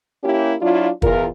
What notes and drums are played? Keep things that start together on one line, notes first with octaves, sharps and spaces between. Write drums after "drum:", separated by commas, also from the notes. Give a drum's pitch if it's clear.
A#3 C#4 E4 G4
F#3 D4 E4 F4
E2 F4 A#4, drum: kick